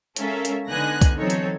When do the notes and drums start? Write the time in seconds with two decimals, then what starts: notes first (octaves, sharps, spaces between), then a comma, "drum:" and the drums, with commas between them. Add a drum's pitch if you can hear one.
0.16 G#3 C#4 A4 A#4 E5 F5, drum: hi-hat
0.45 drum: hi-hat
0.70 D3 B3 D#4 G#5 F#6 A#6
1.02 drum: kick, hi-hat
1.18 E3 F#3 C4 D#4 A4 C#5
1.30 drum: hi-hat